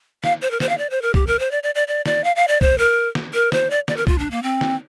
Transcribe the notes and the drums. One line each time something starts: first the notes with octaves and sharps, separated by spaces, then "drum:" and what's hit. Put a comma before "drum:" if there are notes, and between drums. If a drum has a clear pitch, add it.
F5, drum: snare
C5
A#4
C5, drum: snare
F5
D5
C5
A#4
G4, drum: kick
A#4
C5
D5
D5
D5
D5
D5, drum: snare
F5
F5
D5
C5, drum: kick
A#4
drum: snare
A#4
C5, drum: snare
D5
D5, drum: snare
A#4
F4, drum: kick
D4
A#3
C4
drum: snare